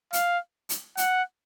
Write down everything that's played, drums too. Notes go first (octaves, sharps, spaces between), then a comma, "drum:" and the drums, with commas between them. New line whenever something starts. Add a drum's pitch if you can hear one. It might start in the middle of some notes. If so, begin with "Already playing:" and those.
F5, drum: hi-hat
drum: hi-hat
F#5, drum: hi-hat